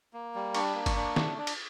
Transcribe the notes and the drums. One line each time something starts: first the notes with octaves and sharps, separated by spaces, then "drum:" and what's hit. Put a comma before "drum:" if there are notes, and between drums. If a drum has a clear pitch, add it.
A#3
G3
D4 C#6, drum: cymbal
A#3
C#6, drum: kick, cymbal
D4
A3, drum: snare
D4
drum: cymbal